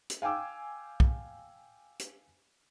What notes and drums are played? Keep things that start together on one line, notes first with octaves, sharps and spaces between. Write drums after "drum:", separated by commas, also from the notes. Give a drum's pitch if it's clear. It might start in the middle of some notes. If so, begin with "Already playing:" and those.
drum: hi-hat
F5 G5 G#5 D6 E6
drum: kick
drum: hi-hat